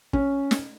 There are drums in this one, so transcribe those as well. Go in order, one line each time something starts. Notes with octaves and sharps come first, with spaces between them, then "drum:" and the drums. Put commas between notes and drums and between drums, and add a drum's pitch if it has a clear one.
C#4, drum: kick
drum: snare